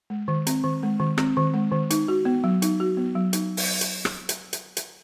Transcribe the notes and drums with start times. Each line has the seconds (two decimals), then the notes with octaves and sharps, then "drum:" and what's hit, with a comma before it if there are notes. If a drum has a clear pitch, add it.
0.10 G#3
0.28 D#3
0.47 C4, drum: hi-hat
0.64 D#3
0.83 G#3
1.00 D#3
1.18 C4, drum: rim click
1.37 D#3
1.54 G#3
1.72 D#3
1.90 D#4, drum: hi-hat
2.08 F#4
2.25 B3
2.44 F#3
2.62 D#4, drum: hi-hat
2.80 F#4
2.97 B3
3.16 F#3
3.33 D#4, drum: hi-hat
3.57 drum: open hi-hat
3.81 drum: hi-hat
4.05 drum: rim click
4.29 drum: hi-hat
4.53 drum: hi-hat
4.77 drum: hi-hat